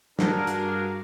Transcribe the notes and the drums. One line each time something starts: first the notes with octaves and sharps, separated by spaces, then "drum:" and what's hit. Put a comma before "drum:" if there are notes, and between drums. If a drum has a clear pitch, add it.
G2 D4 F#4 G#4 A#4 F5, drum: snare
drum: hi-hat